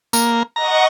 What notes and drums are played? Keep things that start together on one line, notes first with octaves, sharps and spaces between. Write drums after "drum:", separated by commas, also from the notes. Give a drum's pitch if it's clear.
A#3, drum: tambourine
D#5 F#5 A#5 C#6